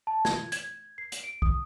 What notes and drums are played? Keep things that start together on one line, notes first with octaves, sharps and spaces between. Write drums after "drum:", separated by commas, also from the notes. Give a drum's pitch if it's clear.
A5
G#6, drum: snare
G#6, drum: hi-hat
C7
drum: hi-hat
D7
D#6, drum: kick